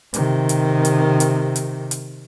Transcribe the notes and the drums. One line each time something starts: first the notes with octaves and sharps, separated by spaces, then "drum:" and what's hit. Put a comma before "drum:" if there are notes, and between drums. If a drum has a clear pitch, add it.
C3 D#3, drum: hi-hat
drum: hi-hat
drum: hi-hat
drum: hi-hat
drum: hi-hat
drum: hi-hat